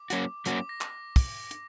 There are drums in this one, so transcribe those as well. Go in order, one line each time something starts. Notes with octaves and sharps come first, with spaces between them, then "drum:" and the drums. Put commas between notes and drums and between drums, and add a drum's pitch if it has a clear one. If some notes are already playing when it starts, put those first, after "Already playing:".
Already playing: D6
F#3 A#3 C#4 F#4, drum: hi-hat
F#3 A#3 C#4 F#4 D6, drum: hi-hat
A#6
drum: clap
drum: kick, open hi-hat
drum: hi-hat